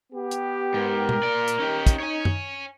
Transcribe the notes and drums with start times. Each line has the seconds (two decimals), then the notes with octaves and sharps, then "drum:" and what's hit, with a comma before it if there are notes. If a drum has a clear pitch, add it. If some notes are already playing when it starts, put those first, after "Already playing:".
0.12 B3 G4
0.31 drum: hi-hat
0.74 G#2 A#4
1.09 drum: tom
1.23 A#2 D5
1.48 drum: hi-hat
1.59 C#4 D#4 G4
1.87 drum: kick, hi-hat
2.00 C#5 G#5
2.25 drum: tom F#2